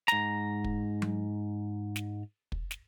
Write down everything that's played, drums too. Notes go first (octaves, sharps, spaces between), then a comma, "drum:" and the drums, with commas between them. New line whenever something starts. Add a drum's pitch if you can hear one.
G#2 A#5, drum: snare
drum: kick
drum: tom F#3
drum: snare
drum: kick
drum: snare